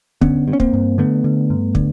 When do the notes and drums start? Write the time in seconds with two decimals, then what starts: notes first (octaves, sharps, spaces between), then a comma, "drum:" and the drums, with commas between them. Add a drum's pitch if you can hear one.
0.21 D3 B3 C#4, drum: kick
0.48 G2
0.53 C#4
0.60 A#3 C4, drum: kick
0.73 G2
0.98 D3 A3 B3
1.24 D3
1.50 G2
1.75 D3, drum: kick